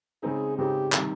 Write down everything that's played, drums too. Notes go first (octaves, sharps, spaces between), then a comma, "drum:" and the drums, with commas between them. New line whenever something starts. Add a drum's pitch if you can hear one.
C#3 G#3 C4 D#4 G#4
C#3 G#3 C4 D#4 G4
C3 D#3 G3, drum: clap